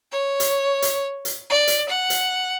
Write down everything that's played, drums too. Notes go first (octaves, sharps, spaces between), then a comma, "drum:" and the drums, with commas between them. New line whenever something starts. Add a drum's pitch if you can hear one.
C#5
drum: hi-hat
drum: hi-hat
drum: hi-hat
D5
drum: hi-hat
F#5
drum: hi-hat